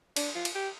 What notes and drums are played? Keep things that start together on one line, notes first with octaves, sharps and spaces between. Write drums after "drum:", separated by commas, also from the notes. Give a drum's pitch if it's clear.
D4, drum: cymbal
F4
drum: cymbal
G4